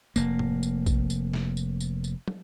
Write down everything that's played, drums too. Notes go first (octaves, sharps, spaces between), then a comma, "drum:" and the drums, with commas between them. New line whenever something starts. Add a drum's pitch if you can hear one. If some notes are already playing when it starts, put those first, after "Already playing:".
F1 A#3, drum: tambourine
drum: tom G#2
drum: tambourine
drum: kick A#1, tambourine
drum: tambourine
drum: snare
drum: tambourine
drum: tambourine
drum: tambourine
drum: tom